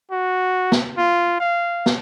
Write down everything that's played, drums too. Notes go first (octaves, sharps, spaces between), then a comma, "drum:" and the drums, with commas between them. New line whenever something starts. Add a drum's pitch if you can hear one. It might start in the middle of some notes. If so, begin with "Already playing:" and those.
F#4
drum: snare
F4
F5
drum: snare